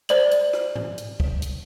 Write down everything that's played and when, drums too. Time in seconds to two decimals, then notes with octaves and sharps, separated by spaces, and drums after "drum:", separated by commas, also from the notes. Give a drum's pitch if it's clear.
0.09 C5 D5 F#7, drum: hi-hat
0.31 drum: hi-hat
0.53 drum: rim click
0.76 drum: tom G#2
0.98 drum: hi-hat
1.20 drum: kick
1.42 drum: hi-hat